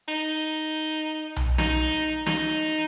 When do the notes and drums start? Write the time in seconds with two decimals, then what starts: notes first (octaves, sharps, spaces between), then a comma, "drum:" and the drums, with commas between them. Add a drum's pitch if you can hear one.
0.08 D#4
1.36 drum: tom B1
1.58 D#4, drum: snare
2.26 D#4, drum: snare